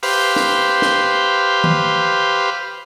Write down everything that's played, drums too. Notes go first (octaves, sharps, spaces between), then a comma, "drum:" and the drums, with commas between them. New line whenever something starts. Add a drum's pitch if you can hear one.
G4 B4 C5 F5, drum: open hi-hat
drum: snare
drum: snare
drum: tom D#3